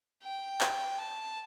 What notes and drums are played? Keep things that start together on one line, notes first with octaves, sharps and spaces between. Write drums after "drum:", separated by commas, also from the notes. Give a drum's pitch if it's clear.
G5
drum: clap
A5